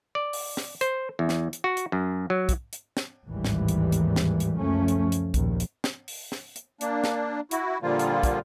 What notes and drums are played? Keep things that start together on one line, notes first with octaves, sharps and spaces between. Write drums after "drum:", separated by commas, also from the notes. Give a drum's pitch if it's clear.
D5
drum: open hi-hat
drum: snare
C5, drum: hi-hat
E2
drum: snare
drum: hi-hat
F#4
drum: hi-hat
F#2
F#3
drum: kick, hi-hat
drum: hi-hat
drum: snare
A1 D#2 G#2 E3 G3
drum: snare
drum: hi-hat
drum: hi-hat
drum: snare
drum: hi-hat
C#2 F#2 F3 A3 C#4
drum: hi-hat
drum: hi-hat
A#1 D#2, drum: kick, hi-hat
drum: hi-hat
drum: snare
drum: open hi-hat
drum: snare
drum: hi-hat
A#3 D4, drum: hi-hat
drum: snare
E4 F#4, drum: hi-hat
A#2 D3 F3 G3 A#3 F4
drum: hi-hat
drum: kick, hi-hat